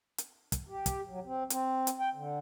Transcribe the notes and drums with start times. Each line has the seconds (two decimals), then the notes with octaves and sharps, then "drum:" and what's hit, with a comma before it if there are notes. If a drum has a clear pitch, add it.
0.18 drum: hi-hat
0.52 drum: kick, hi-hat
0.69 G4
0.86 drum: kick, hi-hat
1.09 F#3
1.26 C4
1.50 C4, drum: hi-hat
1.87 drum: hi-hat
2.00 G5
2.15 D3